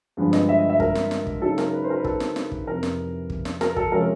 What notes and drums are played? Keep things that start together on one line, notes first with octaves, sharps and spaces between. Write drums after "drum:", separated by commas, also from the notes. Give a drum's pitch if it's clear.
G2 D3 F3 G#3 B3
D#5, drum: snare
E5
D#5
E5
A#4, drum: kick
drum: snare
drum: snare
drum: kick
C#3 F#3 B3 D#4 A4
A#4, drum: snare
B4
C5
A#4
B4
A4, drum: kick
drum: snare
drum: snare
drum: kick
F2 C3 E3 A#4
drum: snare
drum: kick
drum: snare
A#4, drum: snare
A4, drum: kick
C3 F3 G#3 C#4 A#4